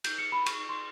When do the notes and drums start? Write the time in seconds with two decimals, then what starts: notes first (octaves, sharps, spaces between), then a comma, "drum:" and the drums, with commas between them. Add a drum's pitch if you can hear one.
0.04 G6, drum: cymbal
0.18 C#7
0.32 B5
0.46 C#6, drum: cymbal
0.69 C6